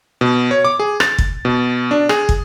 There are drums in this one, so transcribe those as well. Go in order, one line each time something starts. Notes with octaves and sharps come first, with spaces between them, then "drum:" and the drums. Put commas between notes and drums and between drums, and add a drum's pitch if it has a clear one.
B2
C#5
D6
G#4
A6, drum: rim click
drum: kick
B2
D4
G#4, drum: rim click
drum: kick